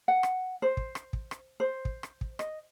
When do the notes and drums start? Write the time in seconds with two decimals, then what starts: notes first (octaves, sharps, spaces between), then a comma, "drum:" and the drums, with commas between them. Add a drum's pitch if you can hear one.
0.08 F#5
0.23 drum: rim click
0.62 C5
0.77 drum: kick
0.95 drum: rim click
1.13 drum: kick
1.31 drum: rim click
1.60 C5
1.85 drum: kick
2.03 drum: rim click
2.21 drum: kick
2.39 D#5, drum: rim click